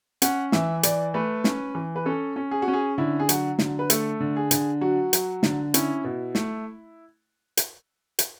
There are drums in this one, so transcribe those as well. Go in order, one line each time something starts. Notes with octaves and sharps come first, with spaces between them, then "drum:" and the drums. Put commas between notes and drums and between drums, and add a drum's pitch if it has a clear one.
C#4 F#5, drum: hi-hat
E3 E5, drum: snare
E3 D5, drum: hi-hat
A3 B4
C#4, drum: snare
E3
B4
C#4 A4
C#4
G#4
F#4
C#4
G#4
D3 E4
G#4
F#3 F#4, drum: hi-hat
D3, drum: snare
B4
A3 A4, drum: hi-hat
D3
G#4
D3, drum: hi-hat
F#3 F#4
F#3, drum: hi-hat
D3, drum: snare
C#4 E4, drum: hi-hat
B2
A3, drum: snare
drum: hi-hat
drum: hi-hat